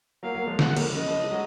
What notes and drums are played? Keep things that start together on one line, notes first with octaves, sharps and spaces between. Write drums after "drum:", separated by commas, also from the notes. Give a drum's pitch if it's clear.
F#3 A#3 F5
F#3 A#3
F3 G#3
F3 G#3 F#5, drum: snare
D#3 F#3, drum: cymbal
C#3 F3 D#5
C#3 F3
G#3
F#3